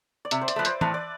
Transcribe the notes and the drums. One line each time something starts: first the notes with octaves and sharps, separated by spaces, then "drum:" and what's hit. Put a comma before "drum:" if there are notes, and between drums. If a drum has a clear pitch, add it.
D5
C3 E5, drum: hi-hat
C5
D5, drum: hi-hat
F3 A3 B4
C5, drum: hi-hat
A2 B4, drum: tom
D5